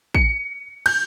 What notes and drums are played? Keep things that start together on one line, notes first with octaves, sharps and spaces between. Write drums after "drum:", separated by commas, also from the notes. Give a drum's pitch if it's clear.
C#7, drum: kick
G6, drum: cymbal